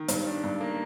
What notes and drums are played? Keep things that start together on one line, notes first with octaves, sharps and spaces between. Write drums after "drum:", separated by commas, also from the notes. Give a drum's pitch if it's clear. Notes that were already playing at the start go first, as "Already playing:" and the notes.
Already playing: D#3
G2, drum: hi-hat
D4
G2
A#3